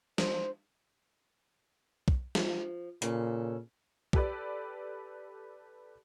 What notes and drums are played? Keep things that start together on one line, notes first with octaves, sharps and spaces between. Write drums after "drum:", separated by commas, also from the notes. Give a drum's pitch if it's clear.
C5, drum: snare
drum: kick
F3, drum: snare
A#2 C#3 A4, drum: hi-hat
G4 A4 B4 D5, drum: kick